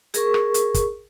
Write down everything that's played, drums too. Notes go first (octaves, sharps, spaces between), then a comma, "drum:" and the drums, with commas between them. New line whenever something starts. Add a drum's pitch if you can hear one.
G#4 A#4 C#6, drum: hi-hat
drum: rim click
drum: hi-hat
drum: kick, hi-hat